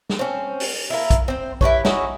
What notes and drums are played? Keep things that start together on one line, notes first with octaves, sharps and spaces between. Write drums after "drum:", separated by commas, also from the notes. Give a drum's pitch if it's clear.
drum: snare
C4 C#4
drum: open hi-hat
A#3 E4
drum: kick B1, hi-hat
C4 C5
E4 G4 B4 C#5, drum: kick B1
C#4 D#4 E4 F#4, drum: snare